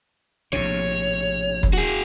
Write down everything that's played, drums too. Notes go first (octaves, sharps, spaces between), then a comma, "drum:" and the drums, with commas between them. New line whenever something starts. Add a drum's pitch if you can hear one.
A#1 A2 C3 C#5
drum: kick
F#4 G#4